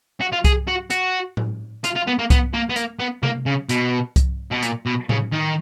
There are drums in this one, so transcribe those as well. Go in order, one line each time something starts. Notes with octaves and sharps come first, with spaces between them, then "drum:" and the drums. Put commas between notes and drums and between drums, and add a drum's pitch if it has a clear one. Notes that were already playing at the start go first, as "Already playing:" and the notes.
F#4
F4
G#4, drum: kick C2, hi-hat
F#4
F#4, drum: hi-hat
drum: tom A2
F4, drum: hi-hat
F4
B3
A#3
B3, drum: kick C2, hi-hat
A#3
B3
A#3, drum: hi-hat
B3
A#3, drum: tom C3
C#3
B2, drum: hi-hat
drum: kick C2, hi-hat
B2
A#2, drum: hi-hat
B2
C#3, drum: tom A2
D#3